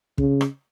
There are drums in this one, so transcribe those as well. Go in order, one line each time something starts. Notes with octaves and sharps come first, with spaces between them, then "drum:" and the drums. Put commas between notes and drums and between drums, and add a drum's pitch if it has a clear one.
C#3, drum: kick
drum: rim click